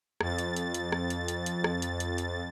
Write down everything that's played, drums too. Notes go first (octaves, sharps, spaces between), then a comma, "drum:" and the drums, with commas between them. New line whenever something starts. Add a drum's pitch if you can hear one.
F2 A6, drum: rim click
drum: hi-hat
drum: hi-hat
drum: hi-hat
drum: rim click
drum: hi-hat
drum: hi-hat
drum: hi-hat
drum: rim click
drum: hi-hat
drum: hi-hat
drum: hi-hat